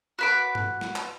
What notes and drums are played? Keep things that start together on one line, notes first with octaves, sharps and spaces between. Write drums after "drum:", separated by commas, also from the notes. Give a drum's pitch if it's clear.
F#4 B4 D6
drum: tom G2
drum: snare
drum: clap